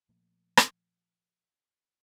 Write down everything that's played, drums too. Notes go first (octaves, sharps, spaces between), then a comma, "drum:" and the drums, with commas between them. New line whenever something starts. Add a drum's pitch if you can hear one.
A#2 F3 A3 A#3
drum: rim click